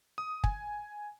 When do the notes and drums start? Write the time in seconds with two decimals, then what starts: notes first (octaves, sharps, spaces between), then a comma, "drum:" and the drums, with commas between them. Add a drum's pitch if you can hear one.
0.18 D#6
0.44 G#5, drum: kick